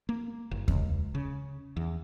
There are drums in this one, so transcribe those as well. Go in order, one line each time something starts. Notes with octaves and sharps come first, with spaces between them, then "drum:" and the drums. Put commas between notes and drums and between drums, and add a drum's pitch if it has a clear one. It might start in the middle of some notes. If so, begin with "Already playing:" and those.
A#3
F#1
C#2, drum: kick E2
C#3
E2